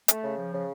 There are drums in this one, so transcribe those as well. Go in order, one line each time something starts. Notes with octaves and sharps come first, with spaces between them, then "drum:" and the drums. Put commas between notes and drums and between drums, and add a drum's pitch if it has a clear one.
A3, drum: hi-hat
C#3
F3
C#3